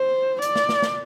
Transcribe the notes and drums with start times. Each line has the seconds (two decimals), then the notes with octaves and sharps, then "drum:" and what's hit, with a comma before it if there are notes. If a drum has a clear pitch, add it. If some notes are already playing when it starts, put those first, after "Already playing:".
Already playing: C5
0.42 D5, drum: hi-hat
0.56 drum: snare
0.69 drum: snare
0.82 drum: snare